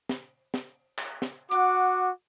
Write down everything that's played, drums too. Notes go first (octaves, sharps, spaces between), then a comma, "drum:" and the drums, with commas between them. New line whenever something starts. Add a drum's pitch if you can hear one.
drum: snare
drum: snare
drum: clap
drum: snare
F#4 F#5 D6, drum: hi-hat